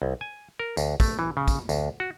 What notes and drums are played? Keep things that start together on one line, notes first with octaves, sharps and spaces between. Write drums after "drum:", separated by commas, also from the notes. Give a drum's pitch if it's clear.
C2
G#5
A#4
D2, drum: tambourine
A3, drum: kick, tambourine
E3
C#3
drum: kick, tambourine
D2, drum: tambourine
F#4